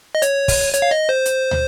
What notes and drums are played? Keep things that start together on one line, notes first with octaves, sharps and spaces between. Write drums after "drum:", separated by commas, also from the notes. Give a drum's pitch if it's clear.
D#5
C#5, drum: hi-hat
drum: kick, open hi-hat
C#5, drum: hi-hat
F5
D#5
C5
drum: hi-hat
drum: tom